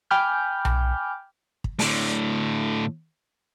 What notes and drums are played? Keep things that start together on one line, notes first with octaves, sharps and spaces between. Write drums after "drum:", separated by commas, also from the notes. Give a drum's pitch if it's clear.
G5 G#5 B5 D6 F6 G6
drum: tom B1
drum: kick
A2 D3, drum: open hi-hat